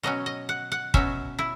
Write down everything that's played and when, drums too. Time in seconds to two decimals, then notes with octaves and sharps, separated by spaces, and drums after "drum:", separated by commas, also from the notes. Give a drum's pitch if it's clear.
0.03 B2 F#3 C#4 D#5
0.26 D#5
0.49 F#5
0.72 F#5
0.94 B2 F#3 C#4 E5, drum: kick
1.39 E4